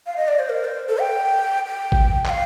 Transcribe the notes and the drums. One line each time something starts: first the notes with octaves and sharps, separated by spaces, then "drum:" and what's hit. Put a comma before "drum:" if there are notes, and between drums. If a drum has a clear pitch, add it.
F5
D#5
D5
C5
A#4
C5
A4
G5
G5
drum: kick G#1
G5, drum: clap
F5